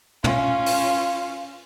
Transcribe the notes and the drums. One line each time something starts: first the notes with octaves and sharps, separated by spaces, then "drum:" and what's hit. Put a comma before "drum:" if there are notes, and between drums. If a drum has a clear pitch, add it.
C#4 F4, drum: tom
drum: open hi-hat